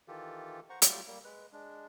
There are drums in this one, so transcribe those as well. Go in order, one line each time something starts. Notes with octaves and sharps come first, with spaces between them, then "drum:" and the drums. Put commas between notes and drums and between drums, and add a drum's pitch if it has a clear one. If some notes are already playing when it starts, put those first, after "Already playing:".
D#3 E3 F4 G4 A4
C5 F#5 A#5 C#6
F#3 G3 A3 F4 G4, drum: hi-hat
G3 A#3
G#3 B4
G#3 D4